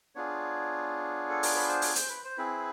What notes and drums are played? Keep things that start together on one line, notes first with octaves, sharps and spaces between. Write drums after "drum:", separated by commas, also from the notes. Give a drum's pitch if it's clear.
B3 D4 F4 G#4 C#5
A4
A#4, drum: open hi-hat
B4
C5
C#5, drum: open hi-hat
C5, drum: hi-hat
B4
C5
C4 E4 G#4 B4